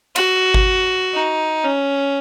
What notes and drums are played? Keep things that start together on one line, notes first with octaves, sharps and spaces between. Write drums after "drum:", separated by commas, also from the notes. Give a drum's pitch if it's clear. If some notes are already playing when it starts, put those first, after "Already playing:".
F#4, drum: cymbal
drum: kick G1
D#4
C#4